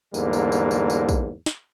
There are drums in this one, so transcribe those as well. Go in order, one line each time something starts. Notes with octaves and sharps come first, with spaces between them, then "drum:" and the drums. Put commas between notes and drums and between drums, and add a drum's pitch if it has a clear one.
E2 G#2 D3 G3 A#3, drum: tambourine
drum: tambourine
drum: tambourine
drum: tambourine
drum: tambourine
drum: kick, tambourine
drum: snare